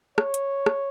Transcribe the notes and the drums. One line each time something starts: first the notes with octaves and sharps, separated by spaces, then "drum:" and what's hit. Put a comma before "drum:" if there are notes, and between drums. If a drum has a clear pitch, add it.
C#5, drum: rim click
drum: hi-hat
drum: rim click